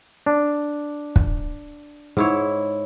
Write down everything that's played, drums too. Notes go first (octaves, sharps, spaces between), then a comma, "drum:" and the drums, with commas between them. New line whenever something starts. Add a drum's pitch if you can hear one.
D4
drum: kick
G#2 E4 C#5